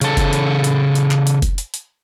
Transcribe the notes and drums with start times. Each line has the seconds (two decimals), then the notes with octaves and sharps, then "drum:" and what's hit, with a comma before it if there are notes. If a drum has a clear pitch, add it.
0.01 C#3 A4, drum: hi-hat
0.17 drum: kick F1, hi-hat
0.33 drum: hi-hat
0.64 drum: hi-hat
0.95 drum: hi-hat
1.11 drum: clap
1.27 drum: hi-hat
1.42 drum: kick F1, hi-hat
1.58 drum: hi-hat
1.74 drum: hi-hat